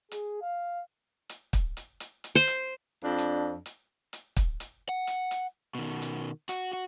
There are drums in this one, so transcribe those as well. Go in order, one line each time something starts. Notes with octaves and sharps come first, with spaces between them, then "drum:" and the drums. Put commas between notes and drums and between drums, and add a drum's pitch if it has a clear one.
G#4, drum: hi-hat
F5
drum: hi-hat
drum: kick, hi-hat
drum: hi-hat
drum: hi-hat
drum: hi-hat
C5
drum: hi-hat
F2 D4
drum: hi-hat
drum: hi-hat
drum: hi-hat
drum: kick, hi-hat
drum: hi-hat
F#5
drum: hi-hat
drum: hi-hat
B2 D#3
drum: hi-hat
F#4, drum: hi-hat
F#4